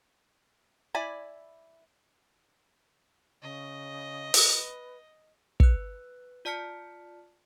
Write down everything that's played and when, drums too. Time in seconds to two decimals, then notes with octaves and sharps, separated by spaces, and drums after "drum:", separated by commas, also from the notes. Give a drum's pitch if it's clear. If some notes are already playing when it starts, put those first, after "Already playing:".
0.95 E4 D5 G#5 B5
3.42 C#3 D#5
4.34 B4, drum: open hi-hat
5.60 B4 F#6, drum: kick
6.45 F4 D5 A5 F6 B6 C#7